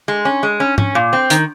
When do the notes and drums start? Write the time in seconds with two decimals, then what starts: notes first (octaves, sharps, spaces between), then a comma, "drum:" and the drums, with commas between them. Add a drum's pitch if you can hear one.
0.08 G#3
0.25 C#4
0.43 G#3
0.60 C#4
0.78 C#4, drum: tom G#2
0.95 A#2
1.13 C4
1.30 D#3, drum: hi-hat